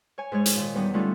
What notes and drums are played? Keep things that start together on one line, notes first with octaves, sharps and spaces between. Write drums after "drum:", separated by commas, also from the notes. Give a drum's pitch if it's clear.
C#5 G#5
G#2 G#3 C#5
drum: hi-hat
A#2 D#3
E2 G3 B3 D#4
D3 G3 A3 C#4 D#4 F4